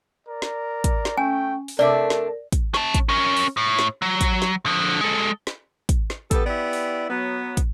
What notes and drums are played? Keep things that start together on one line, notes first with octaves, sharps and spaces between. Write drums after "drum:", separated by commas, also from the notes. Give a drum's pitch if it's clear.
A#4 D5
drum: snare
drum: kick, hi-hat
drum: snare
A3 C#4 G5 G#5
drum: open hi-hat
C3 A3 D4 A4 A#4 D5 E5
drum: snare
drum: kick, hi-hat
C#4 A5, drum: snare
drum: kick, hi-hat
C#4 A#4
drum: open hi-hat
A2
drum: snare
F#3
drum: kick, hi-hat
drum: snare
D3 F3
G#3 A4
drum: snare
drum: kick, hi-hat
drum: snare
G3 B3 A4, drum: kick, hi-hat
B3 E4 G4 D5
drum: open hi-hat
F#3 B3
drum: kick, hi-hat